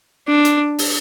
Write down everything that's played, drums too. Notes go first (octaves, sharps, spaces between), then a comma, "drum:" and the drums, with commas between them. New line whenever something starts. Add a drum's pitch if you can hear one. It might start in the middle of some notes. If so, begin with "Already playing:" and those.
D4
drum: hi-hat
drum: open hi-hat